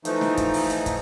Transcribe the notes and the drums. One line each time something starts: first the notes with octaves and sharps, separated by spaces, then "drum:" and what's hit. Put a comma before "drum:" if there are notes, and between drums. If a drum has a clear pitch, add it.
E3 F3 A3 D#4, drum: hi-hat
drum: snare
drum: kick, hi-hat
drum: open hi-hat
drum: hi-hat
drum: kick, hi-hat